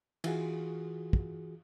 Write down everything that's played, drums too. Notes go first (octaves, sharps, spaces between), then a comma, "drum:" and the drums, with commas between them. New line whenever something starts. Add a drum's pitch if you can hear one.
E3 F4 F#4 G#4, drum: cymbal
drum: kick